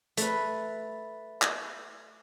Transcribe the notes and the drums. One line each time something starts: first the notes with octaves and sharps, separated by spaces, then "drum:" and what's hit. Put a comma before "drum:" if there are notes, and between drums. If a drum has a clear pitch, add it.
A3 B4, drum: hi-hat
drum: clap